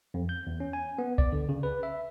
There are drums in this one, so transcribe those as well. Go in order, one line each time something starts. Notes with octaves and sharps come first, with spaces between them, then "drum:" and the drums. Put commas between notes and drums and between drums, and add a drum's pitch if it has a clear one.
F2
G6
E2
C#4
G#5
B3
D5, drum: kick C2
D3
C#3
B4
E5